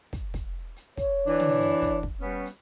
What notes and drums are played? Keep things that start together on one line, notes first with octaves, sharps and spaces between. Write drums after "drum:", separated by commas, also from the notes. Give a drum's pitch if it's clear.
drum: kick, hi-hat
drum: kick, hi-hat
drum: hi-hat
C#5, drum: kick, hi-hat
E3 D4
drum: tom
drum: hi-hat
drum: kick, hi-hat
drum: kick
G3 B3 C#4
drum: hi-hat